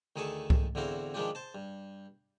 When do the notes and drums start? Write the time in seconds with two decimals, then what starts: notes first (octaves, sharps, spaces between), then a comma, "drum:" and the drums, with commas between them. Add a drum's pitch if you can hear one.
0.16 D2 D#3 G#4 A4 A5 C#6
0.50 drum: kick C2
0.75 E2 D3 C4 E4 F#4 F5
1.14 D#3 F3 G#3 D4 F4 G4
1.35 C5 A5
1.55 G2